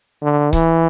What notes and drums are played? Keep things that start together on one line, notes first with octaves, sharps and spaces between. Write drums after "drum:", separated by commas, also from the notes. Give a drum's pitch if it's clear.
D3
E3, drum: kick C#1, hi-hat